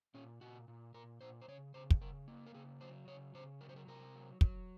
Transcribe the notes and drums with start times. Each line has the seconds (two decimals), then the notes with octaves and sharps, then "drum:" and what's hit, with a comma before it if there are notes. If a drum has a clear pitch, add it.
0.14 A#2 C#4
0.41 A#2 F#4
0.68 A#2
0.94 A#2 A#4
1.21 A#2 C5
1.41 C5
1.48 C#3 C#5
1.74 C#3 C5
1.90 drum: kick
2.01 C#3 A#4
2.28 A#3
2.47 A#4
2.54 C#3 G#4
2.81 F#3 C5
3.07 C#3 C#5
3.34 C#3 C5
3.60 F#3 A#4
3.69 C5
3.76 A#4
3.87 C3 A#4
4.14 F#3
4.41 F#3, drum: kick